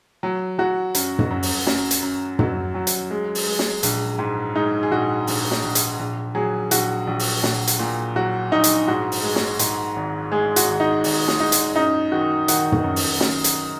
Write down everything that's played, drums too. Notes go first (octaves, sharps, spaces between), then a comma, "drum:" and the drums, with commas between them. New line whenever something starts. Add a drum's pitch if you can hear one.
F#3
F#3 F#4
F#2, drum: hi-hat
drum: tom
F#2
drum: open hi-hat
F#2, drum: snare
drum: hi-hat
F#2
F#3, drum: tom
F#3
drum: hi-hat
G#3
drum: open hi-hat
G#3
drum: snare
A#1, drum: hi-hat
G#2
G#3 D#4
G#4
A#1 F#4
A#1, drum: open hi-hat
drum: snare
A#1
drum: hi-hat
A#1
F#3 G#4
A#1 F#4, drum: hi-hat
A#1
drum: open hi-hat
A#1, drum: snare
drum: hi-hat
A#2
F#3 F#4
A#1 D#4
drum: hi-hat
G#2 F#4
drum: open hi-hat
G#3
drum: snare
G#2, drum: hi-hat
G#1
G#3 G#4
F#4, drum: hi-hat
G#1
D#4
G#1, drum: open hi-hat
drum: snare
G#3 D#4
drum: hi-hat
F#2 D#4
D#3 F#4
D#3 F#5, drum: hi-hat
drum: tom
F#2
drum: open hi-hat
F#2, drum: snare
drum: hi-hat